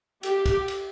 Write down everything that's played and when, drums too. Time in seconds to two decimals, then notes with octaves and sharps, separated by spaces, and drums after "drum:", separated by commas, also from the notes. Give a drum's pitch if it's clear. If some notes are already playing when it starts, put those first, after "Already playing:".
0.23 G4, drum: cymbal
0.46 drum: kick, cymbal
0.68 drum: cymbal